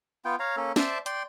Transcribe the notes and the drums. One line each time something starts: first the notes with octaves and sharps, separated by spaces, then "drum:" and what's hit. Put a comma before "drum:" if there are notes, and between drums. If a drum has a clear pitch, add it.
B3 F4 G5
C#5 F5 A#5
A#3 C#4 A4
C5 D5 E5 A5, drum: snare
D5 G5 C6, drum: hi-hat